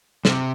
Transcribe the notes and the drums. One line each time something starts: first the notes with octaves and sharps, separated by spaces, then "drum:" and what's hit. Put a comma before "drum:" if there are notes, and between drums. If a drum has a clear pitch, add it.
C3, drum: snare